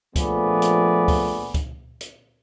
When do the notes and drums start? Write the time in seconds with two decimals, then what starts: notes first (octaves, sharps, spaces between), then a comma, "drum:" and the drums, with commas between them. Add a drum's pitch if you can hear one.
0.16 A#1 F3 A3 B3 D5 G#5, drum: kick C#2, hi-hat
0.62 drum: hi-hat
1.08 drum: kick C#2, open hi-hat
1.54 drum: kick C#2, hi-hat
2.01 drum: hi-hat